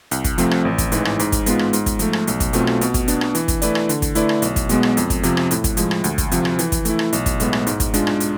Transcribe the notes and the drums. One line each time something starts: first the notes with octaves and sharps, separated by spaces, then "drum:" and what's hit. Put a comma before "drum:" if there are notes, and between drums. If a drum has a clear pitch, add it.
C2, drum: hi-hat
drum: kick, hi-hat
C3 F3 A3 C4, drum: hi-hat
drum: rim click
A1
drum: kick, hi-hat
G#2 E3, drum: hi-hat
drum: rim click
G#2, drum: hi-hat
drum: kick, hi-hat
G#3 B3 F4, drum: hi-hat
drum: rim click
G#2, drum: hi-hat
drum: kick, hi-hat
F3 A3, drum: hi-hat
drum: rim click
B1, drum: hi-hat
drum: kick, hi-hat
B2 A3 C4 F4, drum: hi-hat
drum: rim click
B2, drum: hi-hat
drum: kick, hi-hat
B3 D4, drum: hi-hat
drum: rim click
E3, drum: hi-hat
drum: kick, hi-hat
A3 E4 B4 D5, drum: hi-hat
drum: rim click
D3, drum: hi-hat
drum: kick, hi-hat
A3 E4 B4 D5, drum: hi-hat
drum: rim click
B1, drum: hi-hat
drum: kick, hi-hat
B2 G#3 B3, drum: hi-hat
drum: rim click
F2, drum: hi-hat
drum: kick, hi-hat
C3 F3, drum: hi-hat
drum: rim click
A2, drum: hi-hat
drum: kick, hi-hat
F3 G#3, drum: hi-hat
drum: rim click
D2, drum: hi-hat
drum: kick, hi-hat
C3 F3, drum: hi-hat
drum: rim click
E3, drum: hi-hat
drum: kick, hi-hat
A3 E4, drum: hi-hat
drum: rim click
B1, drum: hi-hat
drum: kick, hi-hat
A2 G#3 B3 E4, drum: hi-hat
drum: rim click
G#2, drum: hi-hat
drum: kick, hi-hat
G#3 D4 F4, drum: hi-hat
drum: rim click
drum: hi-hat